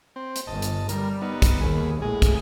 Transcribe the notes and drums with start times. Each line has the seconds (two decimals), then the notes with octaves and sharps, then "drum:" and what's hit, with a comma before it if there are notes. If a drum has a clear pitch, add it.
0.16 C4
0.36 drum: hi-hat
0.47 G1 D#5 A5
0.62 drum: hi-hat
0.89 G3 A#4, drum: hi-hat
1.22 B3 D#4
1.42 drum: kick, hi-hat
1.61 D#2 G#4 B5
2.02 A2 G#3 G#4
2.22 drum: kick, hi-hat